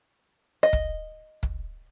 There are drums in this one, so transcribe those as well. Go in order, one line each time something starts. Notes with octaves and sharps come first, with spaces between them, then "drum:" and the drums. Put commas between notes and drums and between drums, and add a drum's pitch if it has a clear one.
D#5
drum: kick
drum: kick